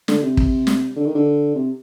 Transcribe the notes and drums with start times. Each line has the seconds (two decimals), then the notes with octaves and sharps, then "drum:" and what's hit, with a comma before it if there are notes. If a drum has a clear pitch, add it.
0.08 D3, drum: snare
0.23 C3
0.37 drum: kick
0.67 drum: snare
0.96 D3
1.06 D#3
1.15 D3
1.55 C3